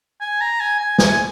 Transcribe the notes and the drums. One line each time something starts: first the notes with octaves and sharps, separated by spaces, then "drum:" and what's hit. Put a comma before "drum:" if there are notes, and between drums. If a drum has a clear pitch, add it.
G#5
A#5
G#5
G#5
G#5, drum: snare